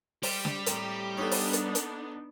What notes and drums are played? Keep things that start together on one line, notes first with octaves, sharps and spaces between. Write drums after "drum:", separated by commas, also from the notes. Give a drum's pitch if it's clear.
G3 G4 C5, drum: open hi-hat
drum: snare
A2 C4 A#5, drum: hi-hat
B3 D4 D#4 A4 C#5
drum: open hi-hat
drum: hi-hat
drum: hi-hat